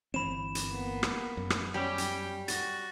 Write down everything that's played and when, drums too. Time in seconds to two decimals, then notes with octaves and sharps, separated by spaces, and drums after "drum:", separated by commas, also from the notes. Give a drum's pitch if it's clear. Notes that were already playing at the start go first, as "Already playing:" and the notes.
0.14 G1 E3 C4 B5 E7
0.55 drum: hi-hat
0.70 A#3 B3
1.03 drum: rim click
1.37 F#2
1.50 drum: rim click
1.74 G3 C#4 G4 G5
1.98 drum: hi-hat
2.48 F#4 A6 A#6, drum: hi-hat